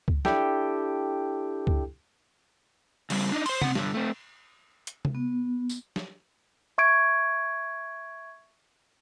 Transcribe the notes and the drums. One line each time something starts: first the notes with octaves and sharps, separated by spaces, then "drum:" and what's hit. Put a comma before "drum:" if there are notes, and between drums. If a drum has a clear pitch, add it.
drum: kick
D4 E4 G4 A4 G5, drum: snare
drum: kick
C#3 G3, drum: cymbal
D4 D#4
C5 C6, drum: cymbal
C4 F#5, drum: tom C3
G2 D3, drum: snare
A3 C4
drum: hi-hat
drum: tom C3
B3
drum: tambourine
drum: snare
E5 C#6 G#6 D7